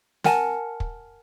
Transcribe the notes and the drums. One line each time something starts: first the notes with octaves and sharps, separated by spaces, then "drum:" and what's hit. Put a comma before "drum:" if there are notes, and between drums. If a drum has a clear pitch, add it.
A#4 F#5 G#5 A5, drum: snare
drum: kick